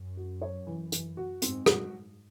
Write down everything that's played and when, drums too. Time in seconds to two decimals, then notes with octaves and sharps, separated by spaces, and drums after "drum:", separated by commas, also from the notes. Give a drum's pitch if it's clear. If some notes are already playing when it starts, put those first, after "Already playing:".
Already playing: F#2
0.17 F#4
0.42 C#5
0.67 E3
0.92 E3, drum: hi-hat
1.17 F#4
1.42 G#2 C4, drum: hi-hat
1.66 F#4, drum: rim click